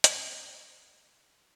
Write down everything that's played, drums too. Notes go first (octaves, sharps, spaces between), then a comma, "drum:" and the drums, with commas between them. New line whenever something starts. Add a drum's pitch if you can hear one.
B1 F4 G#4 A#4 A#5, drum: hi-hat